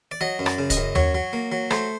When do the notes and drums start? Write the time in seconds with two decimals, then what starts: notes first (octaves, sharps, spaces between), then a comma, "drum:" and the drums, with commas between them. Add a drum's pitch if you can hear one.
0.11 D5
0.21 F#3 D#5
0.39 F#2
0.46 D5, drum: rim click
0.58 C#3
0.70 D#5, drum: kick, hi-hat
0.77 F#2
0.95 F#3 C#5, drum: tom D#2
1.15 F#3
1.33 A#3
1.52 F#3
1.71 A3 C5, drum: rim click